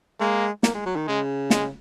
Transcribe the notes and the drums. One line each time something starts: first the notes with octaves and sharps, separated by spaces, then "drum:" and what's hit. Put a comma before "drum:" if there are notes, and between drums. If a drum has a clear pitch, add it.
G#3 A#3
A#3, drum: snare
G#3
F#3
D#3
C#3 G#3
G#3, drum: snare